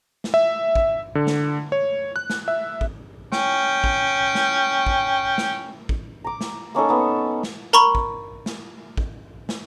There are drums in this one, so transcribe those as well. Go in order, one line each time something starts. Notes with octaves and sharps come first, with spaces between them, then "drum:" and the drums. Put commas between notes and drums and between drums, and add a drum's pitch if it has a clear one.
drum: snare
E5
drum: kick
D3
drum: snare
C#5
F#6
drum: snare
E5
drum: kick
C#4 G5, drum: snare
drum: kick
drum: snare
drum: kick
drum: snare
drum: kick
A#5 D6
drum: snare
A#3 C#4 D#4 A4
B3 D#4
drum: snare
A#4 A#5 B5 C#6 G7
drum: kick
drum: snare
drum: kick
drum: snare